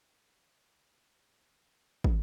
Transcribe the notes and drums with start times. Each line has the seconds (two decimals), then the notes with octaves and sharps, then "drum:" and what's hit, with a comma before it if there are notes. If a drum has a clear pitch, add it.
0.06 D#5 F6
0.73 D#3 G#5 A#5 B5
1.53 A3 F4
2.04 drum: kick